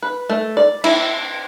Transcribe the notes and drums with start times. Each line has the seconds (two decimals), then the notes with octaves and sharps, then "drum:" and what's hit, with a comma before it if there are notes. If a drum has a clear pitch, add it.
0.03 B4
0.30 A3
0.57 D5
0.84 E4, drum: cymbal